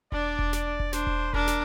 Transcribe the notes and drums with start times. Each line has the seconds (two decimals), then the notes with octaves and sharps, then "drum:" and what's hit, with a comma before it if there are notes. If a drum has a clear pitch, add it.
0.12 D4 D5, drum: kick E1
0.39 drum: kick E1
0.53 D5, drum: snare
0.80 drum: kick E1
0.93 D4 C5, drum: snare
1.07 drum: kick E1
1.33 D4 A#4, drum: kick E1
1.48 drum: snare